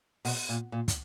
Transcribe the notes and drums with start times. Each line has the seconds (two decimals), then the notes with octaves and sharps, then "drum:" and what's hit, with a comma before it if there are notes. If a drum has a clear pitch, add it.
0.25 B2, drum: open hi-hat
0.49 A#2
0.72 A#2
0.88 drum: kick, hi-hat